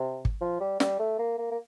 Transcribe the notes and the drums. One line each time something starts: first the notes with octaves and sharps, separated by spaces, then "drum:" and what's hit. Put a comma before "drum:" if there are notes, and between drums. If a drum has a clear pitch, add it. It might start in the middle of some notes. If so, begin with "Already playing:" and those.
Already playing: C3
drum: kick
F3
G3
G3, drum: snare
A3
A#3
A#3
A#3